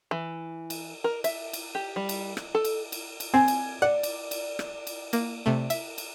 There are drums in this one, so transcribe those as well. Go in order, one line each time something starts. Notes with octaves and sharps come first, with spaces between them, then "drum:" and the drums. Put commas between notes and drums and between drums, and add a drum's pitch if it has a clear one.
E3
drum: cymbal
A#4
E5, drum: cymbal
drum: cymbal
G4
G3
drum: cymbal
drum: rim click
A4
drum: cymbal
drum: cymbal
drum: cymbal
C4 G#5
drum: cymbal
D5 F#5
drum: cymbal
drum: cymbal
drum: rim click
drum: cymbal
A#3, drum: cymbal
C3 A3
E5, drum: cymbal
drum: cymbal